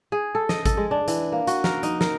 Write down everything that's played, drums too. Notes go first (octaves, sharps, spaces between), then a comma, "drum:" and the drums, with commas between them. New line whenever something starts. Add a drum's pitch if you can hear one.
G#4
A4
D#5, drum: snare
A4, drum: kick G#1, hi-hat
G#3
D4
E3, drum: hi-hat
A#3
F#4, drum: hi-hat
A#4, drum: snare
D#4, drum: hi-hat
A#4, drum: snare